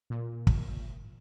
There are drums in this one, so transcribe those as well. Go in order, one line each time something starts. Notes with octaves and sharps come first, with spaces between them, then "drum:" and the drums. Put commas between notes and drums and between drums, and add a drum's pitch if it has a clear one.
A#2
drum: kick